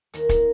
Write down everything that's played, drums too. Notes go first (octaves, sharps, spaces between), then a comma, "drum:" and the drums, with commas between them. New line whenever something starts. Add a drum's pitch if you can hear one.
D#2 A#4, drum: hi-hat
A#3, drum: kick, hi-hat